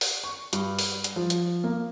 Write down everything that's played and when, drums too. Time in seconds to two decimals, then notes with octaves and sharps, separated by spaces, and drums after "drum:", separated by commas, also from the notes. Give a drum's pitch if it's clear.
0.01 drum: open hi-hat
0.24 C#6
0.53 G2, drum: hi-hat
0.79 drum: open hi-hat
1.04 drum: hi-hat
1.16 F3
1.30 drum: hi-hat
1.64 A#3